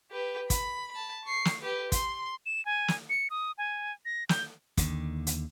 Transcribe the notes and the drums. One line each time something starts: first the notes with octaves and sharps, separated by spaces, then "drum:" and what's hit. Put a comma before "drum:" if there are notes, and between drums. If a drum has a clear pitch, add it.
G4 B4
B5, drum: kick, hi-hat
A5 B5
C#6 C7
drum: snare
G4 B4
C6, drum: kick, hi-hat
E7
G#5
drum: snare
C#7
D#6
G#5
A#6
G6, drum: snare
D#2 D3, drum: kick, hi-hat
drum: hi-hat